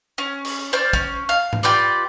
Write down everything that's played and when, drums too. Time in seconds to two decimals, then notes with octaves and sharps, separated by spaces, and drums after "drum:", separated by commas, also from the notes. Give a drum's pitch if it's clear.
0.18 C#4
0.45 drum: cymbal
0.73 C5 D5 F6
0.93 C#4, drum: kick
1.29 F5
1.53 drum: tom G#2
1.63 F4 G4 B4 D5